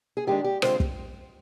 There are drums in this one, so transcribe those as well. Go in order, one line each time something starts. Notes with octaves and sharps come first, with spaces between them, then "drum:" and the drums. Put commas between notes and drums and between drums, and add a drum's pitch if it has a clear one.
G#4
D#3 G#3 D4 G4
G4
D3 G#3 C4 F4 C5, drum: rim click
drum: kick